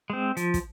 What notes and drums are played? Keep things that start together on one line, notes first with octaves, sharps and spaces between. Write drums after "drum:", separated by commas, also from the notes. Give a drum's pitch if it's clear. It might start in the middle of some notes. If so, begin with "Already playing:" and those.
G#3 C4
F3, drum: hi-hat
drum: kick, hi-hat